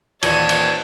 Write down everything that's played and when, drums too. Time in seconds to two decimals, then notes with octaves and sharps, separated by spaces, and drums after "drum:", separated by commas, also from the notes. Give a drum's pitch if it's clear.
0.22 D#2 A#2 E3 C#5 D5 A5 D#7, drum: cymbal
0.49 drum: cymbal